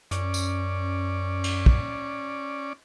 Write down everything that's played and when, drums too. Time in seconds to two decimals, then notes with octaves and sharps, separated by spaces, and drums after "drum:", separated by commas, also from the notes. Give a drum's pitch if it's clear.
0.11 F#2 C#4 D5, drum: hi-hat
0.34 drum: tambourine
1.44 drum: cymbal
1.66 drum: kick